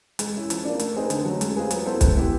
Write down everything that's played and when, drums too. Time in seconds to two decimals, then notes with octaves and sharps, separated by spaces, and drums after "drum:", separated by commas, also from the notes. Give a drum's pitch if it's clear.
0.19 G#3, drum: hi-hat
0.35 C#4 E4
0.50 F3, drum: hi-hat
0.65 A#3 D4
0.79 A3, drum: hi-hat
0.96 C4 D#4 G#4 B4
1.10 D3, drum: hi-hat
1.25 F#3 A3 C#4
1.41 G#3, drum: hi-hat
1.56 C4 F4 G#4 B4
1.71 F#3, drum: hi-hat
1.86 B3 E4 A4 C5
2.01 G#3, drum: kick, hi-hat
2.17 B3 E4 G4